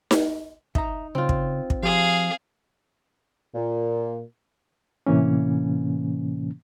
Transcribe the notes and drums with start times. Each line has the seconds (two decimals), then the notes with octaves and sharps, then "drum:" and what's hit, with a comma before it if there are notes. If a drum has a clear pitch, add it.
0.11 drum: snare D#4
0.75 D#4 E5 A#5, drum: kick
1.15 C#3 C4 F4
1.29 drum: kick
1.70 drum: kick
1.83 F3 G4 G#4 F5 C6
3.55 A#2
5.07 A2 C3 E3 A#3 C#4